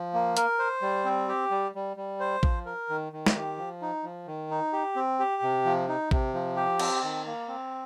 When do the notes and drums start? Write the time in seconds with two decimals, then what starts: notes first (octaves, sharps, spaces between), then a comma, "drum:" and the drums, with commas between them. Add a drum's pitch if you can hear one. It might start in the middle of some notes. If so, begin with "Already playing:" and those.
Already playing: F3
0.14 A#3
0.37 A#4, drum: hi-hat
0.59 C5
0.82 G3
1.05 C4
1.28 G4
1.51 G3
1.75 G3
1.97 G3
2.20 C5
2.43 F3, drum: kick A1
2.66 A#4
2.89 D#3
3.13 D#3
3.26 drum: snare
3.36 G4
3.58 F3
3.82 D#4
4.04 F3
4.27 D#3
4.51 D#4
4.73 G4
4.96 C4
5.19 G4
5.42 C3
5.65 F3
5.88 D#4
6.11 C3, drum: kick A1
6.34 F3
6.57 G4
6.79 C4, drum: cymbal
7.03 D#3
7.26 A#3
7.48 C4